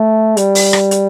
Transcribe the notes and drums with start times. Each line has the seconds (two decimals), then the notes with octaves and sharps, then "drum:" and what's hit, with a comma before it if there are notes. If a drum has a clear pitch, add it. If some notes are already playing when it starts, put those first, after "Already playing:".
Already playing: A3
0.37 G3, drum: hi-hat
0.55 drum: open hi-hat
0.73 drum: rim click
0.91 drum: hi-hat